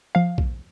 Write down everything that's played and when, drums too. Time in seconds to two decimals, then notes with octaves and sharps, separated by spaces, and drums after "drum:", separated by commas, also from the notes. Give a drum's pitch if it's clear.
0.15 F3 F5
0.38 drum: kick A#1